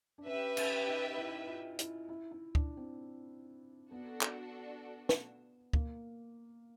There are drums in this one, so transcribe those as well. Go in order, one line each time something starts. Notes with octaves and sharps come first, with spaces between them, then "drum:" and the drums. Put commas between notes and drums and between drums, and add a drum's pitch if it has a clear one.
D4
C#4 G4 B4 E5
C#4, drum: cymbal
D#4
E4
F4
E4, drum: hi-hat
E4
E4
D4, drum: kick
C4
B3 D4 F#4 A4
drum: clap
drum: snare
A#3, drum: kick